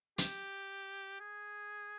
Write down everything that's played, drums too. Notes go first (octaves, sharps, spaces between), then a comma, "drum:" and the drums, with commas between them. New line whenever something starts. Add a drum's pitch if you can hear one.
G4, drum: hi-hat
G#4